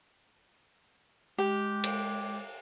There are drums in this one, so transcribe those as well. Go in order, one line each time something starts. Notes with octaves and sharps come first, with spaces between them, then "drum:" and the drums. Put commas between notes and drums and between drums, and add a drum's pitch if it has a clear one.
G#3 G4
drum: cymbal